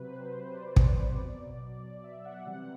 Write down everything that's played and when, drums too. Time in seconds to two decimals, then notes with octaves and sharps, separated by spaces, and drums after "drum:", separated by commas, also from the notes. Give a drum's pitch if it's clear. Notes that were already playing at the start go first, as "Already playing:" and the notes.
Already playing: C3 F#3 B4
0.10 C5
0.32 C5
0.54 D5
0.76 drum: kick
1.18 B2 F#3
1.82 D5
2.04 E5
2.25 F#5
2.46 C3 E3 G3 F#5